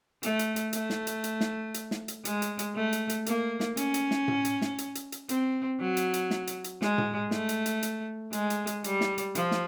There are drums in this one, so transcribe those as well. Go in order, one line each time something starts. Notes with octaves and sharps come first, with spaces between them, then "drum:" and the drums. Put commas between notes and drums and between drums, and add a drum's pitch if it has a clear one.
A3, drum: hi-hat
drum: hi-hat
drum: hi-hat
A3, drum: hi-hat
drum: snare
drum: hi-hat
drum: hi-hat
drum: snare
drum: hi-hat
drum: snare
drum: hi-hat
G#3, drum: hi-hat
drum: hi-hat
drum: hi-hat
A3
drum: hi-hat
drum: hi-hat
A#3, drum: hi-hat
drum: snare
C#4, drum: hi-hat
drum: hi-hat
drum: snare
drum: tom A2
drum: hi-hat
drum: snare
drum: hi-hat
drum: hi-hat
drum: hi-hat
C4, drum: hi-hat
F#3
drum: hi-hat
drum: hi-hat
drum: snare
drum: hi-hat
drum: hi-hat
G#3, drum: snare
drum: tom A2
A3, drum: snare
drum: hi-hat
drum: hi-hat
drum: hi-hat
G#3, drum: hi-hat
drum: hi-hat
drum: hi-hat
G3, drum: hi-hat
drum: snare
drum: hi-hat
F3, drum: hi-hat
drum: snare